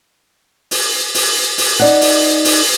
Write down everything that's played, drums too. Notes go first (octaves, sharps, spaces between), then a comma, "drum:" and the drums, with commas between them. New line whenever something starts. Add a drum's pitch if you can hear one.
drum: open hi-hat
drum: open hi-hat
drum: open hi-hat
D#4 D5 F#5
drum: open hi-hat
drum: open hi-hat